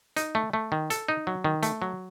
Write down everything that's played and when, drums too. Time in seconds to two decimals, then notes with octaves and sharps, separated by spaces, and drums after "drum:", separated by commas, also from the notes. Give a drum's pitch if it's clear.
0.16 D#4, drum: hi-hat
0.35 A3
0.53 A3
0.72 D#3
0.90 A4, drum: hi-hat
1.08 D#4
1.27 F#3
1.44 D#3
1.63 A3, drum: hi-hat
1.82 F#3